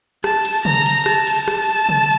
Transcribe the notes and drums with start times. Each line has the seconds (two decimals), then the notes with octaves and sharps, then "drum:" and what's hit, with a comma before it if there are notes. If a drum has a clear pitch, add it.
0.24 A5, drum: rim click
0.45 drum: cymbal
0.65 A#5, drum: tom C3
0.86 drum: cymbal
1.06 A5, drum: rim click
1.27 drum: cymbal
1.48 drum: rim click
1.89 drum: tom